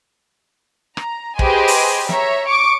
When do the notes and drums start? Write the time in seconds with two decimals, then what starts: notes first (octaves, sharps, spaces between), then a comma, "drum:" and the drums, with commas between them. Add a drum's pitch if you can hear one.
0.97 A#5, drum: rim click
1.39 G4 G#4 B4 C5 D#5 G#5, drum: kick
1.68 drum: open hi-hat
2.09 C#5 E5 A#5, drum: snare
2.47 C#6 D6